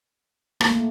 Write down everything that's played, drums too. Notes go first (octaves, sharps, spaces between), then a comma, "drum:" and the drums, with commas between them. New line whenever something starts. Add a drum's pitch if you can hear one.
A#3, drum: rim click
A3